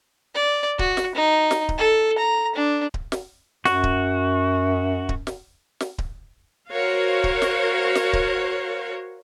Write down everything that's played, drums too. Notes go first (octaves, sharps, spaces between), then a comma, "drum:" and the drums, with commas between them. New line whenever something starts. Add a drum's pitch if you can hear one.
D5
F#4, drum: kick D1
drum: snare
D#4
drum: snare
drum: kick D1
A4
A#5
D4
drum: kick D1
drum: snare
F#2 F#4, drum: snare
drum: kick D1
drum: kick D1
drum: snare
drum: snare
drum: kick D1
F#4 A#4 C5 C#5 F5
drum: kick D1
drum: snare
drum: snare
drum: kick D1